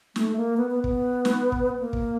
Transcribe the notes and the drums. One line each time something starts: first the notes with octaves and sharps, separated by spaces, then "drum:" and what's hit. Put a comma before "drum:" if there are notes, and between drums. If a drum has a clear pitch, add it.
A3, drum: snare
A#3
B3
B3
B3, drum: kick
drum: snare
drum: kick
A#3
drum: kick